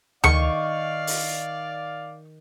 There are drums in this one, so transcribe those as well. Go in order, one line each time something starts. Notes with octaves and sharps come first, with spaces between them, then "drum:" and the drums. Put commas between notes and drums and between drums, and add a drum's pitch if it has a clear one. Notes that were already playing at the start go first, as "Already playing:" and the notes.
D#3 D5 F5 C#6, drum: tom D2
drum: open hi-hat